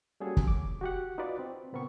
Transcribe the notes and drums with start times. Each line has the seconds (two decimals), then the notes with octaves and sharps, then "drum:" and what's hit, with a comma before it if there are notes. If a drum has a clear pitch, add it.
0.20 G3 A#3 C#4 F#4 G#4 A4
0.37 drum: kick
0.48 D6
0.81 F#4 G4 F#5
1.18 D#4 F4 F#4 B4 D5
1.39 C4
1.73 A#2 C#3 B3 C4 A#4 C#6